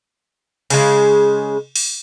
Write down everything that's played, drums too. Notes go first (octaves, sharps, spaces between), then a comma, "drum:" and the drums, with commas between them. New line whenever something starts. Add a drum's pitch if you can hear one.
C#3 G#3, drum: cymbal
drum: open hi-hat